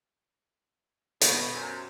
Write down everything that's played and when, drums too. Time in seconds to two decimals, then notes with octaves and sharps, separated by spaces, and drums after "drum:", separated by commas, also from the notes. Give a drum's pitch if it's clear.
1.21 B2, drum: hi-hat
1.55 F#2 C3